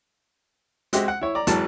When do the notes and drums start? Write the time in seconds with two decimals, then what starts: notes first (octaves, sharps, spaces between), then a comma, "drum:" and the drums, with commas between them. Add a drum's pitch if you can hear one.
0.93 G#3 C4 F#4 G4 E5, drum: hi-hat
1.08 F#5
1.21 E4 C#5
1.35 D5 A#5
1.47 G#1 E3 F#3 A5, drum: hi-hat